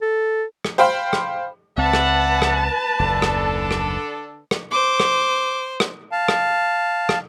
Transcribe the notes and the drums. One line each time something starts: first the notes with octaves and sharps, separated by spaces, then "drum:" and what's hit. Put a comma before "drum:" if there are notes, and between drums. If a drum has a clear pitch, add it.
A4
drum: rim click
C5 F5 G5 B5
drum: rim click
C#2 C4 B4 D5 E5 F#5 A5
drum: rim click
drum: rim click
F#1 D#2 D3 D4 A4
drum: rim click
drum: rim click
drum: rim click
C5 D6
drum: rim click
drum: rim click
F5 A5
drum: rim click
drum: rim click